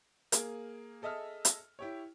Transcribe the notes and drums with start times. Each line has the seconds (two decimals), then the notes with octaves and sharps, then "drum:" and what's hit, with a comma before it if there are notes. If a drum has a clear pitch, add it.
0.32 A#3 G#4, drum: hi-hat
1.02 G#4 A4 D#5 E5 A5 F6
1.45 drum: hi-hat
1.79 E4 G4 C#5